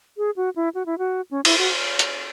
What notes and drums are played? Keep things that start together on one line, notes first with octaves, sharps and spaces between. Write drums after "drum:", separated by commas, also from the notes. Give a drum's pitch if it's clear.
G#4
F#4
E4
F#4
E4
F#4
C#4
E4, drum: cymbal
F#4
drum: hi-hat